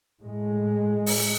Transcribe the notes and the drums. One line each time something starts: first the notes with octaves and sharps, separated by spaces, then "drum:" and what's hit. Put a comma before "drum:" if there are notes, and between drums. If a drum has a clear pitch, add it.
A2 G#3
drum: open hi-hat